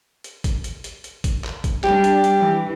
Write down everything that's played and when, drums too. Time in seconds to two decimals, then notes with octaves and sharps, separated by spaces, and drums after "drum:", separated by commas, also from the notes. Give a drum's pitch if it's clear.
0.24 drum: hi-hat
0.44 drum: kick G#1, hi-hat
0.64 drum: hi-hat
0.84 drum: hi-hat
1.04 drum: hi-hat
1.24 drum: kick G#1, hi-hat
1.44 drum: clap
1.64 drum: kick G#1, hi-hat
1.84 G3 D4 G4, drum: clap
2.04 drum: hi-hat
2.24 drum: hi-hat
2.40 E3